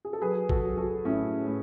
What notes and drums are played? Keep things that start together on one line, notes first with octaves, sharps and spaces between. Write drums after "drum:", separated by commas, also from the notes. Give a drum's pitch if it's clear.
G#4
A4
F#3 G#4 B4
F#4 A4, drum: kick A1
F#3
F#4 A4
A2 C#4 E4
A2